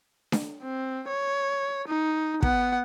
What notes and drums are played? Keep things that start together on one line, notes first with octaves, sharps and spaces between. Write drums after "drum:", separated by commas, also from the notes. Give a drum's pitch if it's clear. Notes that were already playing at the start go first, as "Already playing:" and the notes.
drum: snare D4
C4
C#5
D#4
B3 F#5, drum: kick